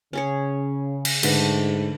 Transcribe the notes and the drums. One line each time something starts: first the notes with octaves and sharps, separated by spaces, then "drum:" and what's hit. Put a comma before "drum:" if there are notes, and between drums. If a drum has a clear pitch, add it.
C#3 C#4 G#4 C#5
drum: cymbal
G#2 D3 A3 B4, drum: cymbal